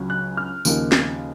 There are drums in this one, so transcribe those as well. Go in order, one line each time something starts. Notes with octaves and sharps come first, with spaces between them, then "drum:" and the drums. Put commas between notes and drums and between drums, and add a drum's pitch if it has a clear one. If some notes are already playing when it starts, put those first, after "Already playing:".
Already playing: C#2 C#3 F#3 C#4
F#6
F6
D#2 C#3 F3 A#3 D#4, drum: tambourine
drum: snare